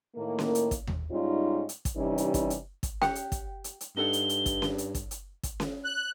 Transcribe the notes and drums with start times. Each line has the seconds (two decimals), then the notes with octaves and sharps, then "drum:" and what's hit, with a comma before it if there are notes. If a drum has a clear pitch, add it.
0.16 A2 D#3 A#3
0.39 drum: snare C#4
0.55 drum: hi-hat
0.71 drum: kick, hi-hat
0.87 drum: tom D#2
1.11 G#2 G3 C#4 D#4 F4
1.69 drum: hi-hat
1.85 drum: kick, hi-hat
1.96 C3 E3 G3 C#4 D#4
2.18 drum: hi-hat
2.34 drum: kick, hi-hat
2.50 drum: hi-hat
2.83 drum: kick, hi-hat
3.02 G4 F#5 G5, drum: snare C#4
3.15 drum: hi-hat
3.32 drum: kick, hi-hat
3.64 drum: hi-hat
3.81 drum: hi-hat
3.97 G2 D#4 A4 F#5 G7
4.13 drum: hi-hat
4.29 drum: hi-hat
4.46 drum: kick, hi-hat
4.62 drum: snare C#4
4.78 drum: hi-hat
4.95 drum: kick, hi-hat
5.11 drum: hi-hat
5.43 drum: kick, hi-hat
5.60 drum: snare C#4
5.84 F#6